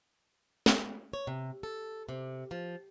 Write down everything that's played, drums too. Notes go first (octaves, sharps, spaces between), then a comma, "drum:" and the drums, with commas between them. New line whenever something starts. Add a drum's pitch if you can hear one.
drum: snare
C#5
C3
A4
C3
F3